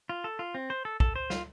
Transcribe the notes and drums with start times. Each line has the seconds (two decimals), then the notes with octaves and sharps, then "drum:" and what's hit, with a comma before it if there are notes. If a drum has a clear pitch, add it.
0.09 F4
0.24 A4
0.39 F4
0.55 C4
0.70 C5
0.85 A4
1.00 A4, drum: kick
1.16 C5
1.30 F4, drum: snare